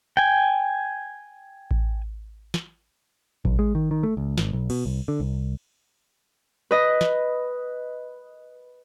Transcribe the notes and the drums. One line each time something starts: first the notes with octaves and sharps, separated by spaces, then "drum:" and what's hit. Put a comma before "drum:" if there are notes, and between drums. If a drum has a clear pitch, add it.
G5 G#5
drum: kick A1
drum: snare
B1, drum: kick A1
G#3
D#3
D#3
A3
C#2
G#1, drum: snare
B1
B2, drum: cymbal
C2
D3
C2
B4 D#5
drum: snare